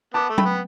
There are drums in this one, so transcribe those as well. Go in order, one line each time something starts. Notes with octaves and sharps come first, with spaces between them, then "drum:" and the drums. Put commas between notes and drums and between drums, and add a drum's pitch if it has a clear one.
B3 A5 D6
A3
G5 B5, drum: tom F#3
B3